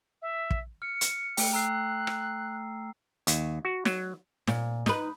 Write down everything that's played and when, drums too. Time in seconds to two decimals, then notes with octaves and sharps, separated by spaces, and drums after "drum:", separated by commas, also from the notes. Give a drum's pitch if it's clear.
0.21 E5
0.51 drum: kick
0.82 F6 C#7
1.01 drum: hi-hat
1.37 A3 G5, drum: open hi-hat
1.53 A#5 E6 F#6 C7
2.07 drum: rim click
3.27 D#2, drum: hi-hat
3.65 F#4
3.85 F#3, drum: snare
4.47 A#2, drum: snare
4.86 D#4 B4, drum: snare